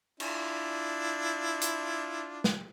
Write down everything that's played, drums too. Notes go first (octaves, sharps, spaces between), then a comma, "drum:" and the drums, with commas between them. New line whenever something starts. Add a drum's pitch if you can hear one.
D4 E4 F4, drum: cymbal
drum: hi-hat
drum: snare